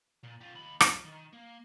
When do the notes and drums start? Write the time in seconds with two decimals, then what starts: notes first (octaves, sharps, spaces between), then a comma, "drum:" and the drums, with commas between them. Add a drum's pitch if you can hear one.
0.23 A#2
0.41 F4 G4
0.55 D#2 B5
0.81 F3 F#3, drum: rim click
1.05 D#3
1.33 A#3